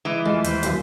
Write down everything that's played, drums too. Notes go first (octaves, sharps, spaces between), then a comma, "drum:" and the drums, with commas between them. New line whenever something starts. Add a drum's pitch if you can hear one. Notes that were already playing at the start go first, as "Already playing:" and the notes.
E3 G#3 D#5 D6
F3 G#3 A3
D#2 B4 C5 G5, drum: hi-hat
A#1 F#2, drum: hi-hat